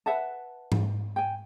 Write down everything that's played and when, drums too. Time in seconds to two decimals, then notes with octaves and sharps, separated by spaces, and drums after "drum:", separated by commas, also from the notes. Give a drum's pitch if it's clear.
0.06 B4 E5 F#5 A5
0.72 drum: tom G#2
1.16 G5 G#5